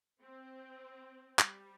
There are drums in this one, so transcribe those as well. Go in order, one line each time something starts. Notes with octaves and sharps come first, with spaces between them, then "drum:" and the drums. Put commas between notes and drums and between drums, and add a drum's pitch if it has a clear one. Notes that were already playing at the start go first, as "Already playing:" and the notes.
C4
G3, drum: clap